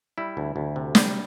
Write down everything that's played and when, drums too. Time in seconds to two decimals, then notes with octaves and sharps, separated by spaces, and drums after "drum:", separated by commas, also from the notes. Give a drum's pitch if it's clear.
0.18 G3 E4
0.37 D2
0.56 D2
0.76 C3
0.95 G3, drum: snare